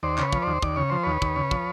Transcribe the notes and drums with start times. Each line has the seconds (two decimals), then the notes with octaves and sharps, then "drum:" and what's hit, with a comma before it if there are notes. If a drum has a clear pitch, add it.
0.03 D#2 C5 D5
0.18 C#3 B4 C#5, drum: clap
0.33 F3, drum: kick
0.42 D#2 C5 D5
0.62 D#2 D5, drum: kick
0.76 C#3 C#5
0.90 F3 C5
1.04 D#2 B4 C#5
1.22 D#2, drum: kick
1.36 C#3
1.51 F3, drum: kick